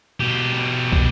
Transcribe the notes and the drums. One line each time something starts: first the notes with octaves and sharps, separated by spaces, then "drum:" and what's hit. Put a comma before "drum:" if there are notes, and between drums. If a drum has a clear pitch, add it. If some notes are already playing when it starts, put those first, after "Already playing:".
B2 G4
drum: kick